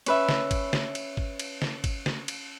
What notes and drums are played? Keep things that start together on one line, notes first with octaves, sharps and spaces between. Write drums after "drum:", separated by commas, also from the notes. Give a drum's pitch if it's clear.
C#4 B4 E5, drum: cymbal
drum: snare
drum: kick, cymbal
drum: snare
drum: cymbal
drum: kick
drum: cymbal
drum: snare
drum: kick, cymbal
drum: snare
drum: cymbal